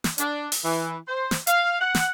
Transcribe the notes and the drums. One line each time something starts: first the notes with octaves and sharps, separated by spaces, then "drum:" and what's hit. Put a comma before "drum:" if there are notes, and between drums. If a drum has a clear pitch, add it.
drum: snare
D4, drum: hi-hat
drum: open hi-hat
E3
C5
drum: snare
F5, drum: hi-hat
F#5
drum: snare